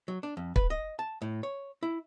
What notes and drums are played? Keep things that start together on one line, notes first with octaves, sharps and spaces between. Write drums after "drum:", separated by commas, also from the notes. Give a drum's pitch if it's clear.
F#3
D4
F2
B4, drum: kick
D#5
A5
A2
C#5
E4